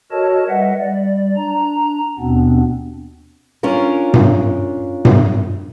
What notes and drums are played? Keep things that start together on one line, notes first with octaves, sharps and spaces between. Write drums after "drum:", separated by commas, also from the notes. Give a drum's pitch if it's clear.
F#4 A4 A#4 C#5 D#5 A5
G3 B4 D#5 E5 F#5
G3 D5
D4 A#5
D#2 B2 B3 C4 D4
C#4 D4 F4 A#4
drum: tom G2
drum: tom G2